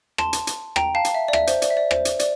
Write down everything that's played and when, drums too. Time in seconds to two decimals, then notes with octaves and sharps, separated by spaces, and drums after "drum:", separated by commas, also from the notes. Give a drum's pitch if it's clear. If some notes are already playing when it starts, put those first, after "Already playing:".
0.18 A5 C6, drum: rim click
0.33 drum: hi-hat
0.47 drum: hi-hat
0.76 G5 A#5, drum: rim click
0.95 F5 A5
1.05 drum: hi-hat
1.15 E5
1.28 D5
1.33 E5, drum: rim click
1.47 C5, drum: hi-hat
1.62 D5, drum: hi-hat
1.71 E5
1.77 D5
1.91 C5, drum: rim click
2.05 drum: hi-hat
2.20 D5, drum: hi-hat